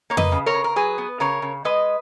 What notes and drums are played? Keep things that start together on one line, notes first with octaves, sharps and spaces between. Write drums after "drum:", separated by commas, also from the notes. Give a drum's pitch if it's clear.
A#3 C#5
B4 D#5, drum: tom F2
C#3
A#4 C#5
C#3
A#4
F#3 G#4 B4
B3
C#3 A#4 C#5
C#3
G#3 B4 D#5